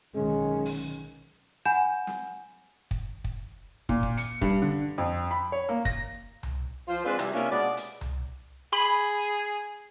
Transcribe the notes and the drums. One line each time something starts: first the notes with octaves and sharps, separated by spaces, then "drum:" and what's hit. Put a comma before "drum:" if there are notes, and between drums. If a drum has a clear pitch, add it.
B1 D#3 G#3 C#4
drum: open hi-hat
F#5 G#5 B5 G6 E7
drum: snare
drum: kick
drum: kick
A#2, drum: kick
drum: kick
C#7, drum: hi-hat
G2, drum: kick
D3
F2
B5
C#5
A#3
A#6, drum: kick
drum: tom C2
F3 F4 C5
G#3 C4 D4 F4 B4
C3 G3 E4, drum: rim click
C3 A#3 C#4 D4 F4 E5
B2 G#3 B3 D5
drum: hi-hat
drum: tom C2
G#4 B5